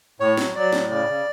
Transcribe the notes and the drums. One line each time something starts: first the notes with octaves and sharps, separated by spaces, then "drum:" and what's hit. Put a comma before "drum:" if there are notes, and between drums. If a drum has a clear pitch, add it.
A2 C#5
F#3, drum: snare
F#3 D5
A2, drum: snare
C#3 D5
C#3